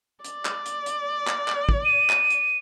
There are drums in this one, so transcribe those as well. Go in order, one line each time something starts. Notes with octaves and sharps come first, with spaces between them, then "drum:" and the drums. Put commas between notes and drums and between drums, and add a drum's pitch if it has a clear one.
D5, drum: hi-hat
drum: clap
drum: hi-hat
drum: hi-hat
drum: clap
drum: clap
drum: kick
D#7
drum: clap
drum: hi-hat